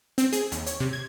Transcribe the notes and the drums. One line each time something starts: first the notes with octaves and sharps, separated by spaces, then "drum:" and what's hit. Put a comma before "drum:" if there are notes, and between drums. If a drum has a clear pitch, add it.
C4, drum: hi-hat
G#4, drum: hi-hat
D#2, drum: hi-hat
C#5, drum: hi-hat
C3
G#6